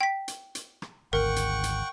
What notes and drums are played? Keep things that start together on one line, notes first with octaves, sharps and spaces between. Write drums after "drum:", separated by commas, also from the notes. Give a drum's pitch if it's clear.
G5 B6
drum: hi-hat
drum: hi-hat
drum: rim click
G#1 D2 A#4 F#5 G5 C#6
drum: hi-hat
drum: hi-hat